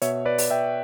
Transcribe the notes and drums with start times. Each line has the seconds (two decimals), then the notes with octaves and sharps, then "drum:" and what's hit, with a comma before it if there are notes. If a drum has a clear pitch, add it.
0.02 B2 C#5 E5, drum: hi-hat
0.25 B4 D5
0.38 drum: open hi-hat
0.50 E5 G5